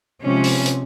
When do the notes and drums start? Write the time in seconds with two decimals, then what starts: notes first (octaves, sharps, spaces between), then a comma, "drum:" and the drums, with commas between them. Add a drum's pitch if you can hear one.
0.22 C3 F3 G#3 C#4
0.44 drum: open hi-hat
0.66 drum: hi-hat